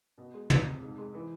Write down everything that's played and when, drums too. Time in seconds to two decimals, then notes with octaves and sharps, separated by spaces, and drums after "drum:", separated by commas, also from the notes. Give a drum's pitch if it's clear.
0.18 B2
0.34 G#3
0.50 F2, drum: tom
0.66 C3
0.82 G#2
0.98 G#3
1.14 E3